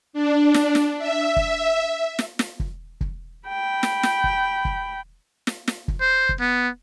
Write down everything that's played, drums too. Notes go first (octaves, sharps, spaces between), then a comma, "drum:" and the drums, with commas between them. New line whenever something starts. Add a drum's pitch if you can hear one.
D4
drum: snare
drum: snare
E5
drum: kick
drum: snare
drum: snare
drum: kick
drum: kick
G5 B5
drum: snare
drum: snare
drum: kick
drum: kick
drum: snare
drum: snare
drum: kick
C5
drum: kick
B3